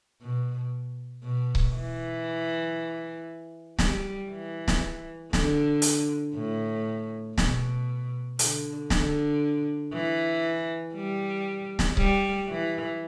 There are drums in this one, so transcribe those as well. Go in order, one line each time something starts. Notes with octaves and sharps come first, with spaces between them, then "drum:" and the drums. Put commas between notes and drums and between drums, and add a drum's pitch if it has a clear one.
B2
B2
drum: kick C#1
E3
G3, drum: snare
E3
drum: snare
D3, drum: snare
drum: hi-hat
A2
B2, drum: snare
D3, drum: hi-hat
D3, drum: snare
E3
G3
drum: snare
G3, drum: kick C#1
E3